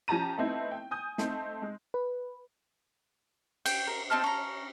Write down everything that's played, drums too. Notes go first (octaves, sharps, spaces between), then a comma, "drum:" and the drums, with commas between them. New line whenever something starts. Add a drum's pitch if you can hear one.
F3 C#4 G4 A5 A#5 D#7
A3 B3 C4 D#4 E4
G5
G#5 D#6 G6
A3 C4 D#4, drum: snare
G#3
B4
G5, drum: cymbal
A#4
C4 D#4 A5 F6
C#4 A#5